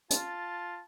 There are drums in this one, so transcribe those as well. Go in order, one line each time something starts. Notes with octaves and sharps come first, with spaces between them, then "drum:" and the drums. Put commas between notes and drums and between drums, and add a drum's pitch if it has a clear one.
F4 A5, drum: hi-hat